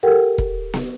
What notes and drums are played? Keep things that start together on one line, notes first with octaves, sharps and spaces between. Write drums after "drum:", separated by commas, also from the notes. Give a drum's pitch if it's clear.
G4 A4 A#4 F#5 G5
drum: kick E1
drum: snare B3